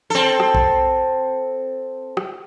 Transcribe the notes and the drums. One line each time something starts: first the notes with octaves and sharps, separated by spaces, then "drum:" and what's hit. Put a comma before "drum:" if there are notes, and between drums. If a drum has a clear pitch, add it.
C4 A4
drum: rim click
drum: kick
drum: rim click